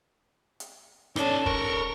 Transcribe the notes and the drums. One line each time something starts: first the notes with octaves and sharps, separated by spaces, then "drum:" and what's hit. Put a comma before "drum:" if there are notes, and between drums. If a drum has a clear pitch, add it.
drum: hi-hat
C#4 D#4 A4 D5, drum: rim click
A4 A#4 C#6, drum: kick